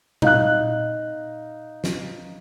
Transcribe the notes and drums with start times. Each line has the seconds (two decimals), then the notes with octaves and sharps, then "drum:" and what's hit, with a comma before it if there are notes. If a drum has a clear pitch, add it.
0.22 D#4 F5 F#6, drum: tom A#2
1.84 drum: snare